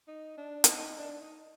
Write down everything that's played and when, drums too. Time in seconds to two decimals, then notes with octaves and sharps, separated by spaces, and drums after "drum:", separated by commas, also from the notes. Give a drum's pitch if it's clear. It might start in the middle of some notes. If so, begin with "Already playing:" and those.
0.08 D#4
0.38 D4
0.64 E4, drum: hi-hat
0.67 D#4
0.98 D4
1.21 D#4